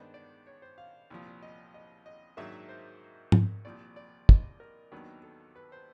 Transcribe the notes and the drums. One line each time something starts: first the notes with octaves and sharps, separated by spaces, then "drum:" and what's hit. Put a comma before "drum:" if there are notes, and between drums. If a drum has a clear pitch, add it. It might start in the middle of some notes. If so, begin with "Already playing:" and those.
Already playing: G2 D#3 G#3 B3 D4 C5
D5
C#5
C5
F5
C2 A#2 F3
D#5
D#5
D#5
G#2 D#3 F#3 A#3 D4 E5
C5
drum: tom G#2
C2 A#2 F3 D5
D5
D#5, drum: kick
A#4
D#2 D#3 F#3 B3 D4
A4
B4
C5